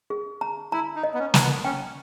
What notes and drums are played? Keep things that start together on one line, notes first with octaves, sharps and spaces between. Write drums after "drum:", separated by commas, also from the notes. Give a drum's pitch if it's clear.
G#4
A#5
E4 A#5
D#4
D#5
B3
C#4
A#5, drum: snare
B3
C#4 G5